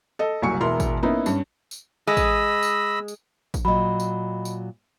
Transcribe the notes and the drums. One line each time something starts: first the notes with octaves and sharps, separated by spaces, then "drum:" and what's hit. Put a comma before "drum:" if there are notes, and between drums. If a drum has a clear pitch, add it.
A4 D#5
F#1 C2 F#3 G#5 C#6 C#7
E1 B2 E4 A#4 C6
drum: kick A1, tambourine
A#3 B3 C#4 D#4 E4
G2 C#4, drum: tambourine
drum: tambourine
G#3 D#5 B5 E6
drum: kick A1, tambourine
drum: tambourine
drum: tambourine
drum: kick A1, tambourine
A#2 F#3 D#5 B5
drum: tambourine
drum: tambourine